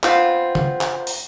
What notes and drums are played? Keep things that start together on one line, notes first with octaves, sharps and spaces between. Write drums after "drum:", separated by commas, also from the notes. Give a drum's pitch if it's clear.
B3 C4 F4, drum: clap
drum: tom C#3
drum: clap
drum: open hi-hat